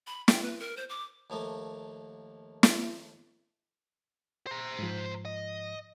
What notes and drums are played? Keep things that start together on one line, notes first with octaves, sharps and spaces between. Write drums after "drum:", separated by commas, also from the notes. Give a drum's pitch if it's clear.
B5
G5, drum: snare
B4
A#4
C5
D6
D#2 F3 A3 A#3
drum: snare
C5 A#5
G#2 F3
D#5